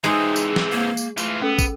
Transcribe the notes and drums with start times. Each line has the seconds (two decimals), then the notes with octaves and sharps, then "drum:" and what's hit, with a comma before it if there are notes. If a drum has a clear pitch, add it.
0.04 E3 G#3 C4 D#4 G#4
0.36 drum: tambourine
0.56 drum: snare
0.72 A#3
0.97 drum: tambourine
1.18 E3 A3 F4, drum: tambourine
1.42 B3 C#4 A4 E6
1.58 drum: kick, tambourine